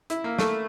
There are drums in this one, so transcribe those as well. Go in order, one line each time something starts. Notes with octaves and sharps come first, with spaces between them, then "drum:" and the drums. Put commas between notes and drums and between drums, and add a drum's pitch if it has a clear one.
E4, drum: hi-hat
A#3
A3, drum: snare